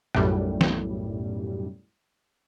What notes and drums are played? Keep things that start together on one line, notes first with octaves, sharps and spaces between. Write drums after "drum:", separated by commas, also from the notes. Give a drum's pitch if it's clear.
B1 F#2 A2 G3, drum: rim click
drum: snare